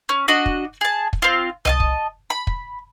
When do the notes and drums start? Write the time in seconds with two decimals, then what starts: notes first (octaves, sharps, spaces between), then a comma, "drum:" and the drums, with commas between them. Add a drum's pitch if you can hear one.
0.09 C#4
0.28 D4 F#4 D#5
0.46 drum: kick
0.81 G#4 A5
1.13 drum: kick
1.22 C4 F4
1.65 D#5 F5 A5, drum: tom C2
1.80 drum: kick
2.30 B5
2.47 drum: kick